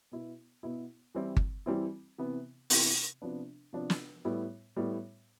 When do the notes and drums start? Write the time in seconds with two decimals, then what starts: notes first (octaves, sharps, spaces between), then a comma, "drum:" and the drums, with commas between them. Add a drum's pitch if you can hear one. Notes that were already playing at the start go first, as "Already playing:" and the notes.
0.12 B2 B3 E4
0.63 B2 B3 E4
1.15 E3 G3 C4 E4
1.37 drum: kick G1
1.66 E3 G3 C4 E4
2.18 C3 E3 B3 E4
2.70 C3 E3 B3 E4, drum: open hi-hat
3.22 C3 F3 B3 D4
3.73 C3 F3 B3 D4
3.90 drum: snare
4.25 A2 G3 B3 E4
4.76 A2 G3 B3 E4